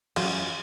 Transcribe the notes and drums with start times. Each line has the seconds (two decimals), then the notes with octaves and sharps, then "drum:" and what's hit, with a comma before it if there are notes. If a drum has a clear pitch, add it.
0.16 F#3 C#4 F4, drum: cymbal